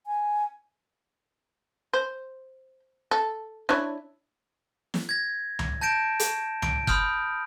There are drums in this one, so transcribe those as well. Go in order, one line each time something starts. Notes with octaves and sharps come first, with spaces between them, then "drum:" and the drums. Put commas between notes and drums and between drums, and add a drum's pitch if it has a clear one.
G#5
C5
A4
D4 E4 C#5
drum: snare
G#6 A#6
drum: tom C#2
A5 G6 A#6 D7 E7
drum: hi-hat
D7, drum: tom C#2
B5 C6 D#6 F6 G6, drum: kick F#1